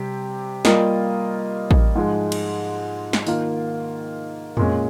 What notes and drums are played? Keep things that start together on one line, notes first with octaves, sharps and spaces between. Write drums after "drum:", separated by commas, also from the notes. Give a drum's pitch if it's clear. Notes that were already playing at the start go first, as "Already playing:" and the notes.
Already playing: C3 G3 C4 G4
G3 A#3 F4 A#4 D#5, drum: snare
drum: kick
G#2 F3 G#3
drum: cymbal
drum: snare
D#3 A#3 F4, drum: open hi-hat
A#2 G#3 C#4, drum: tom F2